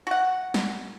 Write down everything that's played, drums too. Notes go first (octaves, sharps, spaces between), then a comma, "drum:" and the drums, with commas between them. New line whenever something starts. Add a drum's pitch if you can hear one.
F#4 F#5
drum: snare